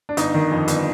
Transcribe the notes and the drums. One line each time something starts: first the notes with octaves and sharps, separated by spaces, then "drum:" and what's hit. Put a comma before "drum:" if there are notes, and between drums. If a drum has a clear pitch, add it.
D4
G1 D#4, drum: hi-hat
D#3
F2
G1, drum: hi-hat